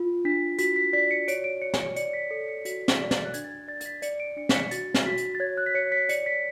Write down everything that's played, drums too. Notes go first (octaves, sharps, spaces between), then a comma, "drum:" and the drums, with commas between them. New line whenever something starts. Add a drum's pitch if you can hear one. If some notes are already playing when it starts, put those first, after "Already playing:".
Already playing: F4
D4 B6
F#4 B6, drum: hi-hat
B6
D5 B6
C#7
C#5 D7, drum: hi-hat
D7
C#5 C#7
drum: snare
D5 C#7, drum: hi-hat
B6
A4 C#7
C#7
F#4 B6, drum: hi-hat
B6, drum: snare
D5
A6, drum: snare
F#6
D4 G#6, drum: hi-hat
A6
G#6
D5 A6
A6, drum: hi-hat
B6
D5 C#7, drum: hi-hat
D7
D4 C#7
B6, drum: snare
C#7
F#4 A6, drum: hi-hat
drum: snare
F#4 B6
drum: hi-hat
A6
C#5 G#6
F#6
B6
C#5 C#7
B6
D5 C#7, drum: hi-hat
B6